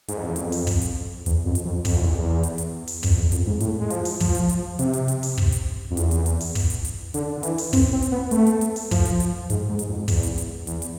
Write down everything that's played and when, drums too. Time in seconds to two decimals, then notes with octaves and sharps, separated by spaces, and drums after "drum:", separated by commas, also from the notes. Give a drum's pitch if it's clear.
0.08 G#2, drum: hi-hat
0.18 F2
0.27 E2
0.36 F2, drum: hi-hat
0.52 drum: open hi-hat
0.67 drum: kick, open hi-hat
0.82 drum: hi-hat
1.26 E2, drum: hi-hat
1.46 F2
1.55 drum: hi-hat
1.65 F2
1.85 F2, drum: kick, open hi-hat
1.96 E2
2.18 E2
2.43 drum: hi-hat
2.58 drum: hi-hat
2.87 drum: open hi-hat
3.03 F2, drum: kick, open hi-hat
3.17 E2
3.32 F2, drum: hi-hat
3.47 G#2
3.60 A2, drum: hi-hat
3.80 G#3
3.90 F3, drum: hi-hat
4.05 drum: open hi-hat
4.20 F3, drum: kick, open hi-hat
4.35 drum: hi-hat
4.49 drum: hi-hat
4.79 C3, drum: hi-hat
4.93 drum: hi-hat
5.08 drum: hi-hat
5.23 drum: open hi-hat
5.38 drum: kick
5.52 drum: hi-hat
5.91 F2
5.97 E2, drum: hi-hat
6.11 drum: hi-hat
6.26 drum: hi-hat
6.41 drum: open hi-hat
6.55 drum: kick, open hi-hat
6.70 drum: hi-hat
6.85 drum: hi-hat
7.14 D3, drum: hi-hat
7.37 D3
7.43 E3, drum: hi-hat
7.58 drum: open hi-hat
7.73 C4, drum: kick, open hi-hat
7.93 C4
8.02 drum: hi-hat
8.12 B3
8.31 A3, drum: hi-hat
8.46 drum: hi-hat
8.61 drum: hi-hat
8.76 drum: open hi-hat
8.91 F3, drum: kick, open hi-hat
9.05 drum: hi-hat
9.20 drum: hi-hat
9.50 G#2, drum: hi-hat
9.69 G#2
9.79 drum: hi-hat
9.89 F2
10.08 E2, drum: kick, open hi-hat
10.23 drum: hi-hat
10.38 drum: hi-hat
10.67 E2, drum: hi-hat
10.82 drum: hi-hat